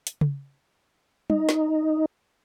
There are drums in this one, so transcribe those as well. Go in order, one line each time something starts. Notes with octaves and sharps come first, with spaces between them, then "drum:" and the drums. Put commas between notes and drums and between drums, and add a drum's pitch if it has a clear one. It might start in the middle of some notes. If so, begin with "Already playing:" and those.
drum: hi-hat
drum: tom C#3
D#4, drum: tom
drum: snare